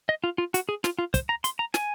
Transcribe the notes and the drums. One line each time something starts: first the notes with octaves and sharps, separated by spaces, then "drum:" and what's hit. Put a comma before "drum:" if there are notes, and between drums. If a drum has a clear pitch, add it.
D#5
F4
F4
F#4, drum: hi-hat
G#4
F4, drum: snare
F4
C5, drum: kick, hi-hat
A#5
C6, drum: hi-hat
A#5
G#5, drum: snare